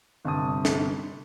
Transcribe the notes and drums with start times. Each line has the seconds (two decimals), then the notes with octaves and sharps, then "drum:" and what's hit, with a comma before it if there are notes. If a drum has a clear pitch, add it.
0.25 G1 C3 A5 D#6
0.65 drum: snare